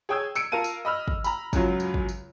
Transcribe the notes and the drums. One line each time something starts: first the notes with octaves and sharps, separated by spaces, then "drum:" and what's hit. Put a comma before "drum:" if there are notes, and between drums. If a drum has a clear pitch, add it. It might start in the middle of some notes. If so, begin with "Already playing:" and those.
G#4 C#5 G5 D#6 E6 G#6
E6 C#7 D7, drum: tambourine
F4 A#4 F5 A5 D#7
drum: tambourine
D#5 B5 E6 F6
drum: kick
A#5 B5, drum: tambourine
C#2 F#2 F#3 F4, drum: kick, tambourine
drum: tambourine
drum: kick
drum: tambourine